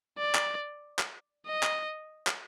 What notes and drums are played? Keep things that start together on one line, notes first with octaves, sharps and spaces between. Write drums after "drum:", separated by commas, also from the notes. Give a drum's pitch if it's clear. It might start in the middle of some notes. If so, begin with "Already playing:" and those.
D5
drum: clap
drum: clap
D#5
drum: clap
drum: clap